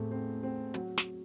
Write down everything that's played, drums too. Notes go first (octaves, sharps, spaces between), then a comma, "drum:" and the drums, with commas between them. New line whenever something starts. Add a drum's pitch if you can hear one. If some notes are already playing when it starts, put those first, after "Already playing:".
Already playing: E2 A2 A3 C4
C4
C4
F#3, drum: hi-hat
drum: snare